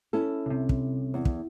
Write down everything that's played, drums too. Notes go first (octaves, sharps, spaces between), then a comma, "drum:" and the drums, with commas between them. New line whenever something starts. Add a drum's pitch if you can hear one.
C#4 E4 A4
C2 C3
drum: kick
E2
drum: kick